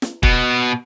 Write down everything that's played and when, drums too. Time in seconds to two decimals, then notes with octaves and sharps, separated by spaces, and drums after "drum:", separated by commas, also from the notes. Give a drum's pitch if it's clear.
0.02 drum: snare
0.23 B2 B3, drum: kick